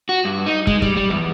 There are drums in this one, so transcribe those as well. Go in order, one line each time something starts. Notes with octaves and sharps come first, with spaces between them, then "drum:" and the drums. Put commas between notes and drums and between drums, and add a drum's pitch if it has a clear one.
F#4
G2
D#4
G#3, drum: kick
G3, drum: kick
G3
E2